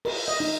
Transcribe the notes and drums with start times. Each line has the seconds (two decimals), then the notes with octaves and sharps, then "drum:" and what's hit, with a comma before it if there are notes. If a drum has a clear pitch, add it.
0.05 A#4, drum: cymbal
0.28 D#5
0.40 D#4